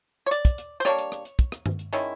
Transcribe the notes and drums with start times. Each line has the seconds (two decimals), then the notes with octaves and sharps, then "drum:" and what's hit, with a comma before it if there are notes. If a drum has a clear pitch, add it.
0.26 C#5
0.31 D5, drum: hi-hat
0.45 drum: kick, hi-hat
0.58 drum: hi-hat
0.80 C5
0.85 G3 A#3 D4 C#5, drum: rim click
0.99 drum: hi-hat
1.12 drum: rim click
1.25 drum: hi-hat
1.39 drum: kick, hi-hat
1.52 drum: rim click
1.66 drum: tom G2
1.79 drum: hi-hat
1.93 D#3 G#3 C#4 E4, drum: hi-hat